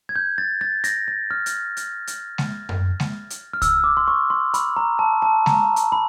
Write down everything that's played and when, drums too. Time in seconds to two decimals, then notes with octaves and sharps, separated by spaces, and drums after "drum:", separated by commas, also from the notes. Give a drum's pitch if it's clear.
0.09 G#6
0.16 G6
0.38 A6
0.61 A6
0.84 A#6, drum: hi-hat
1.08 A6
1.31 F6
1.46 drum: hi-hat
1.77 drum: hi-hat
2.07 drum: hi-hat
2.38 drum: snare G#3
2.69 drum: tom F#2
3.00 drum: snare G#3
3.30 drum: hi-hat
3.53 F6
3.62 E6, drum: kick C2, hi-hat
3.84 D6
3.97 C6
4.08 C#6
4.30 C6
4.54 B5, drum: hi-hat
4.77 A#5
4.99 A5
5.22 A5
5.46 A#5, drum: snare G#3
5.76 drum: hi-hat
5.92 B5